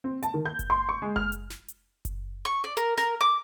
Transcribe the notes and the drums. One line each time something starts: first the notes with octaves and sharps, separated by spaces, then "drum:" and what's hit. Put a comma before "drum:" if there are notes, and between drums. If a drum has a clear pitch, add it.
C4
A5, drum: hi-hat
D#3
G6
drum: kick F#1, hi-hat
C6
C#6
G#3
F6, drum: kick F#1
drum: hi-hat
drum: snare
drum: hi-hat
drum: kick F#1, hi-hat
C#6
D5
A#4, drum: hi-hat
A#4, drum: snare
D6